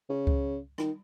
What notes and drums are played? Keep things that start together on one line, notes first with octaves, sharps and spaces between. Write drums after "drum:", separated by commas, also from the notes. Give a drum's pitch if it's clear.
C#3
drum: kick C#2
D#3, drum: rim click